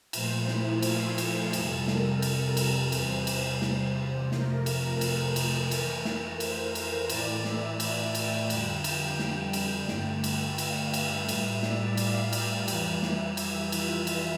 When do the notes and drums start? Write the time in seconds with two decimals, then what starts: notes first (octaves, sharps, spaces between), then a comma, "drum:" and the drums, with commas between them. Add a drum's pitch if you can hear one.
0.13 A#2 F3 A3 C5, drum: cymbal
0.48 E4, drum: snare
0.82 F4, drum: cymbal
1.18 A4, drum: cymbal
1.53 F2 C3 G3, drum: cymbal
1.88 A#4, drum: snare
2.22 drum: cymbal
2.57 A#4, drum: cymbal
2.92 E2 C3 G3 C5, drum: cymbal
3.27 drum: cymbal
3.62 drum: snare
4.32 F2 C3 F3 A3 A#4, drum: snare
4.66 drum: cymbal
5.01 A4, drum: cymbal
5.36 A#4, drum: cymbal
5.71 F2 E3 A3, drum: cymbal
6.05 A#4, drum: snare
6.40 C5, drum: cymbal
6.75 drum: cymbal
7.09 A2 E3 A3 D5, drum: cymbal
7.45 E5, drum: snare
7.80 drum: cymbal
8.15 G5, drum: cymbal
8.50 F2 D3 G3, drum: cymbal
8.84 drum: cymbal
9.19 drum: snare
9.53 G5, drum: cymbal
9.88 G2 D3 A3, drum: snare
10.24 drum: cymbal
10.58 F5, drum: cymbal
10.94 E5, drum: cymbal
11.29 A2 G3, drum: cymbal
11.63 D5, drum: snare
11.97 F5, drum: cymbal
12.33 G5, drum: cymbal
12.68 F2 E3 G3, drum: cymbal
13.02 E5, drum: snare
13.37 drum: cymbal
13.72 F4, drum: cymbal
14.07 drum: cymbal